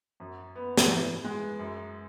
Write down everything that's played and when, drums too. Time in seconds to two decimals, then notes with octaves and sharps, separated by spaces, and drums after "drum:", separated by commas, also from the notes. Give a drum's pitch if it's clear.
0.20 F#2
0.56 B3
0.77 drum: snare
0.90 E3
1.24 G#3
1.59 F#2